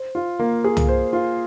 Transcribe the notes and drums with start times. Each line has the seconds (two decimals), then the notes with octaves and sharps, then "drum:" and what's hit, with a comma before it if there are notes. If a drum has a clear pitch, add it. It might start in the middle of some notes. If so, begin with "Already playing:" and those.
Already playing: C5
0.15 F4
0.39 A#3
0.64 G#4
0.77 drum: tom
0.88 C5
1.13 F4